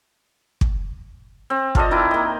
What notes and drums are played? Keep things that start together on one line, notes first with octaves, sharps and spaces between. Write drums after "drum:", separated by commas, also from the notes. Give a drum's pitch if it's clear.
drum: kick
C4
F4 A4 D5 D#5, drum: kick
D#3 E4 A#5 D6
A#3 D#5